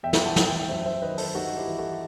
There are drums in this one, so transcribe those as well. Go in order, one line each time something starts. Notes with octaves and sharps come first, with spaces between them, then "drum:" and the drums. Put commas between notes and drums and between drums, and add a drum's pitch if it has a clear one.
E2 E5 G5
drum: snare
F#5 A5
C3 E3, drum: snare
E5 G5
F#2 C5 E5
C5 E5
D#3 B4 D#5
A4 C5, drum: open hi-hat
G2 D#4 F#4
E4 G4
E3
F#4 A4